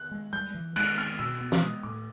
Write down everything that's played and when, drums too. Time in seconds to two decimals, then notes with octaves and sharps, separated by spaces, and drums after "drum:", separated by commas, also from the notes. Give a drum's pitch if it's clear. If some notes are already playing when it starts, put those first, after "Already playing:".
Already playing: F#6
0.11 G#3
0.33 G3 G6
0.54 E3
0.76 G#3 F#6, drum: cymbal
0.87 F6
0.98 C4 F6
1.19 B2 E6
1.41 B3
1.52 drum: snare
1.62 G#3 D#6
1.83 A2 D6